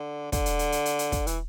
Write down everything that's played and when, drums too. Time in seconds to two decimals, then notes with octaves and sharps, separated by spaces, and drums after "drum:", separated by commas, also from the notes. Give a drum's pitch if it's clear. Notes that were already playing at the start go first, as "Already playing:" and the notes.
Already playing: D3
0.32 D3, drum: kick, hi-hat
0.46 drum: hi-hat
0.59 drum: hi-hat
0.72 drum: hi-hat
0.86 drum: hi-hat
0.99 drum: hi-hat
1.12 drum: kick, hi-hat
1.27 E3, drum: hi-hat